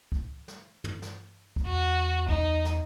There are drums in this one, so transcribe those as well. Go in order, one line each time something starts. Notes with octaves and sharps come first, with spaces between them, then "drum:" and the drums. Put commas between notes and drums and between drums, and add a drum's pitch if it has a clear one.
drum: kick
drum: snare
drum: tom
drum: snare
drum: kick
E2 F#4
D#4, drum: kick
drum: snare